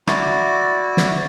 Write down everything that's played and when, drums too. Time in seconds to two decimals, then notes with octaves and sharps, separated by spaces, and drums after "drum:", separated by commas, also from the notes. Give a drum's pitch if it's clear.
0.07 E4 F#4 D5, drum: rim click
0.97 drum: snare